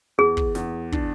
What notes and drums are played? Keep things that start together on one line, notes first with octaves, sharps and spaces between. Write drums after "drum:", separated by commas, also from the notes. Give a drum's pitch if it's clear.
E2 G#4
drum: kick
E2, drum: snare
D4, drum: kick